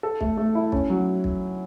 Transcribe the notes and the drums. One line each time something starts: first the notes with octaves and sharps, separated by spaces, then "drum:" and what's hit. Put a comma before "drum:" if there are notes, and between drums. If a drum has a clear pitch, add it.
A4
A3, drum: kick
A3
E4
C#4, drum: kick
F#3
drum: kick